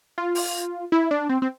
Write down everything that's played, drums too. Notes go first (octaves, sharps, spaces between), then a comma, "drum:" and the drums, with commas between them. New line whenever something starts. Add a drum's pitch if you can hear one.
F4
drum: open hi-hat
E4
D4
C4
C4